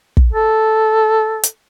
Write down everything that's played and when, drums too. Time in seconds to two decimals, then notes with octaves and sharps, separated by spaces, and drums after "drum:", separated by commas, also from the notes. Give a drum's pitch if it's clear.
0.17 drum: kick
0.33 A4
1.43 drum: hi-hat